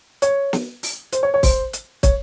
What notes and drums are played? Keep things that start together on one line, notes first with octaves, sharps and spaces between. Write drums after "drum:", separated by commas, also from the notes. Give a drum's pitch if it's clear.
C#5, drum: hi-hat
drum: snare
drum: open hi-hat
C5, drum: hi-hat
C#5
C#5
C5, drum: kick, open hi-hat
drum: hi-hat
C#5, drum: kick, hi-hat